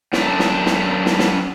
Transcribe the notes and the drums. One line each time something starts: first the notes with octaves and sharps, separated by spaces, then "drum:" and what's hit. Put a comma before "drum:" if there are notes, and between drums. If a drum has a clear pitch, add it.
F#2 A3 D4, drum: snare
drum: snare
drum: snare
drum: snare
drum: snare